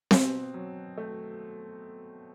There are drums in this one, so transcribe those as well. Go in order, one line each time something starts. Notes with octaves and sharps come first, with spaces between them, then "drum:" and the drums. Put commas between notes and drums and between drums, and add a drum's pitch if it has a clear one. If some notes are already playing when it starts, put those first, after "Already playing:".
B2 C4, drum: snare C4
F#3
A3